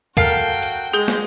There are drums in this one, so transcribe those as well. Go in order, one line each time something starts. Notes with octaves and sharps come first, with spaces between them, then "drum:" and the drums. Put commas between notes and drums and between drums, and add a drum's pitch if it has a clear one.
F#4 A4 A#4 F5 G5, drum: kick, hi-hat
drum: hi-hat
G#3 G#4 G6 G7
drum: snare